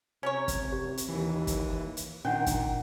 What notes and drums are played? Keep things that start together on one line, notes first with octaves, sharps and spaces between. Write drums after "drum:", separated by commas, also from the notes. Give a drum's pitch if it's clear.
C3 C#4 A#4 C#5
drum: kick, hi-hat
G4
drum: hi-hat
D#2 E3
drum: kick, hi-hat
drum: hi-hat
A#2 D#3 C#4 D4 F#5 G5
drum: kick, hi-hat